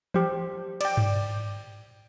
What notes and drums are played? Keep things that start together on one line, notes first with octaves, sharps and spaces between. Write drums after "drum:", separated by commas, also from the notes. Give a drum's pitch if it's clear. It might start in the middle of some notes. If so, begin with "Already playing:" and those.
G4 C5, drum: tom E3
D5 G5, drum: cymbal
drum: tom G2